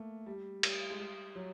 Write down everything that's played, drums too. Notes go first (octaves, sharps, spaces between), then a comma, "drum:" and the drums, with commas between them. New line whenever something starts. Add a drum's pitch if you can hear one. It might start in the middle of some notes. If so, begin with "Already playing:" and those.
Already playing: A3 A#3
G3
G3, drum: cymbal
G#3
G3
F#3